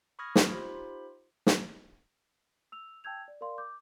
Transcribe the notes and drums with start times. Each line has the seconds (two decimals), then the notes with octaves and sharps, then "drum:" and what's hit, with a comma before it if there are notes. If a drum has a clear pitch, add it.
0.19 B5 C#6 D#6 F6 G#6 A#6
0.36 drum: snare
0.49 D#4 F4 G4 C5 B5
1.47 drum: snare
2.72 E6 F7
3.04 G5 A5 E6 G6 G#6 F7
3.28 D5
3.41 A#4 D5 F5 C6
3.58 D6 G6